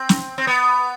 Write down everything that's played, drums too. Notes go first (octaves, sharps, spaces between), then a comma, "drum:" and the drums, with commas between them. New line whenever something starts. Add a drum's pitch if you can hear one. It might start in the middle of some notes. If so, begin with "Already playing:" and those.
Already playing: C4
drum: snare
C4
B3